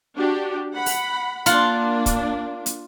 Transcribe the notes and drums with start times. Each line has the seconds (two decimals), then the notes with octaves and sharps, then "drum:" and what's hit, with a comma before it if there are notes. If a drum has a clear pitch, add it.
0.16 D4 F#4 G4
0.74 F#5 B5
0.86 drum: open hi-hat
1.46 A#3 D4 F4 F#5 C6, drum: hi-hat
2.06 drum: kick, hi-hat
2.66 drum: hi-hat